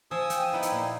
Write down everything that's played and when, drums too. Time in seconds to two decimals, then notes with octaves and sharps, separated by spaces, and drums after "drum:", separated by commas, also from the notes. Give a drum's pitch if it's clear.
0.11 F3 G#5 D#6 E6
0.30 G5, drum: hi-hat
0.53 B3 D#4 E4 G4
0.62 drum: hi-hat
0.72 A#2